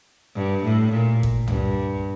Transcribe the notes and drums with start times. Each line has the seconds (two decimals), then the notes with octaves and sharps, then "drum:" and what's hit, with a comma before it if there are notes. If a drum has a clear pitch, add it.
0.36 G2
0.64 A2
0.92 A#2
1.23 drum: kick A1
1.48 G2, drum: tom